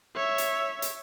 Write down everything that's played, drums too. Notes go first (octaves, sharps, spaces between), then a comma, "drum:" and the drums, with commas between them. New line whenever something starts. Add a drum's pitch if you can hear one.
C#5 E5
drum: hi-hat
drum: hi-hat